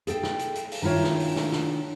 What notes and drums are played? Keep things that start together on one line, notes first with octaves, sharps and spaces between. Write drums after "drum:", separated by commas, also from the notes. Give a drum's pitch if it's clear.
G#4 A4 G5, drum: hi-hat
drum: snare
drum: hi-hat
drum: hi-hat
drum: open hi-hat
D#3 D4 E4 F4 C#5
drum: snare
drum: open hi-hat
drum: snare
drum: snare